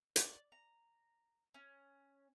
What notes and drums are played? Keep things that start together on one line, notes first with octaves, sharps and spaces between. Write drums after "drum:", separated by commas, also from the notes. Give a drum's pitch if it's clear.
D5, drum: hi-hat
A#5
C#4